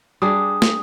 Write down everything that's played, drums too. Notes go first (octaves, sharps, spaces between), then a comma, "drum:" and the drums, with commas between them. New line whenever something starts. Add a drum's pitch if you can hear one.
G3 D4 G#4 D#6
drum: snare